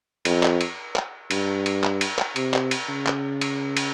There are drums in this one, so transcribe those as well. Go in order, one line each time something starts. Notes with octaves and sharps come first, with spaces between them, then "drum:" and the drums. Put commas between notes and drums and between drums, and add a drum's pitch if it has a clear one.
F2, drum: cymbal
drum: clap
drum: cymbal
drum: clap
G2, drum: cymbal
drum: cymbal
drum: clap
drum: cymbal
drum: clap
C3, drum: cymbal
drum: clap
drum: cymbal
C#3
drum: clap
drum: cymbal
drum: cymbal